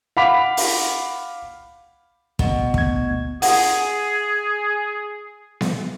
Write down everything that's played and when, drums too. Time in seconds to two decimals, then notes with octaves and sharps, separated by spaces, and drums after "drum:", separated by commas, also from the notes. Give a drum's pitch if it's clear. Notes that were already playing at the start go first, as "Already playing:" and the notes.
0.17 F5 F#5 B5 D6 B6 F7
0.57 drum: open hi-hat
2.39 B2, drum: kick
2.74 D2 G#6, drum: kick
3.42 G#4 F#5, drum: open hi-hat
5.61 drum: snare B3